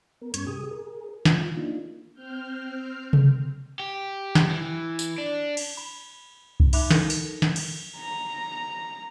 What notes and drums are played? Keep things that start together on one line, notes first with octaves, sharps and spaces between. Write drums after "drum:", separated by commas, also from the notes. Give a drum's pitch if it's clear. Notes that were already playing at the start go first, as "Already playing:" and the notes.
B3 A#4
G2 G3 C#4 C#6 G#6, drum: hi-hat
C3 G4 G#4 D#6
G#4 A#4
F4, drum: snare
A#3 D4 D#4 F4
C4 F6 G6
drum: tom C3
G4
drum: snare
E3
drum: tambourine
D4
drum: cymbal
B5
drum: kick C2
D#4 E5 B5 D6 F#6 F7, drum: cymbal
D#4 A4 A#4 A#6 C#7, drum: snare
drum: open hi-hat
drum: snare
drum: cymbal
A#5